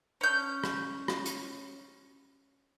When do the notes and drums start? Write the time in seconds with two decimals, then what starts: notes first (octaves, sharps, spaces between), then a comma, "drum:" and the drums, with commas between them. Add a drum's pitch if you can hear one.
0.21 C#4 G6
0.64 drum: rim click
1.08 drum: rim click
1.26 drum: hi-hat